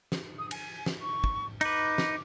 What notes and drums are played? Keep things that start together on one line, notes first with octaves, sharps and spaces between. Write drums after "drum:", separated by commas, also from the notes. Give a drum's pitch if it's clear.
drum: snare
D#6
G#5, drum: cymbal
drum: snare
C#6
drum: kick
D#4 B4 D6, drum: cymbal
drum: snare